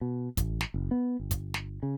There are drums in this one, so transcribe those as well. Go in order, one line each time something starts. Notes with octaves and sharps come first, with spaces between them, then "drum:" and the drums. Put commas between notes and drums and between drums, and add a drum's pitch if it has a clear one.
B2
A1, drum: kick, hi-hat
drum: snare
F#1
B3
G1
drum: kick, hi-hat
drum: snare
C#3